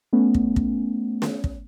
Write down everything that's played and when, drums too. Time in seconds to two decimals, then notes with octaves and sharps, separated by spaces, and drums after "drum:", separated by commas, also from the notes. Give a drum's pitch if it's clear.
0.13 A3 B3 C#4
0.34 drum: kick
0.56 drum: kick
1.22 drum: snare
1.44 drum: kick